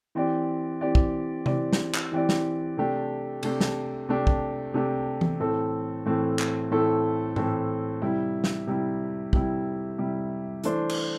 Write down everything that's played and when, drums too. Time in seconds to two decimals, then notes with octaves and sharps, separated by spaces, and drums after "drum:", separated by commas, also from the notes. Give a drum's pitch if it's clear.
0.15 E3 C4 G4 D5
0.81 E3 C4 G4 D5
0.95 drum: kick
1.46 E3 C4 G4 D5, drum: tom C3
1.73 drum: snare
1.95 drum: clap
2.12 E3 C4 G4 D5
2.29 drum: snare
2.77 C3 A3 D4 G4
3.43 C3 A3 D4 G4, drum: cymbal
3.61 drum: snare
4.09 C3 A3 D4 G4
4.27 drum: kick
4.74 C3 A3 D4 G4
5.21 drum: tom E3
5.40 A2 E3 A3 C4 A4
6.05 A2 E3 A3 C4 A4
6.39 drum: clap
6.71 A2 E3 A3 C4 A4
7.36 A2 E3 A3 C4 A4, drum: tom G#2
8.02 C3 G3 E4
8.44 drum: snare
8.67 C3 G3 E4
9.33 C3 G3 E4, drum: kick
9.98 C3 G3 E4
10.64 E3 A3 D4 C5, drum: hi-hat
10.89 drum: cymbal